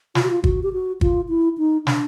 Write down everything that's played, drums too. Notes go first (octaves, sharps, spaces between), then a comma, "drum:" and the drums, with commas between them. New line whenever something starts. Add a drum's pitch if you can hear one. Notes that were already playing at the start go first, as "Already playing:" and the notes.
F4, drum: snare
F#4
F4
F#4, drum: kick
G4
F#4
F4, drum: kick
E4
D#4
D4, drum: snare